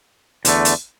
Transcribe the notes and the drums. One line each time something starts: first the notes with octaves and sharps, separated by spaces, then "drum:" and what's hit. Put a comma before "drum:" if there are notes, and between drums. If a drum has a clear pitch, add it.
E2 D3 A3, drum: hi-hat
drum: hi-hat